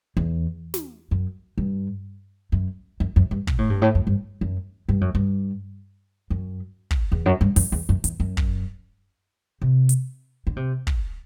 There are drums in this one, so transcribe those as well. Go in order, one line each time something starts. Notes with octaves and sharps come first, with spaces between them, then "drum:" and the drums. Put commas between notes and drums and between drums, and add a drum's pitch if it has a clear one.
E2
drum: snare
F#2
G2
F#2
F#2
F#2
G2
B2, drum: kick
A2
G2
A2
F#2
G2
F#2
G2
F#2
G2
F#2
drum: kick
E2
F#2
G2
F#2, drum: open hi-hat
E2
F#2
E2, drum: hi-hat
F#2
drum: kick
C3
drum: hi-hat
D3
C3
drum: kick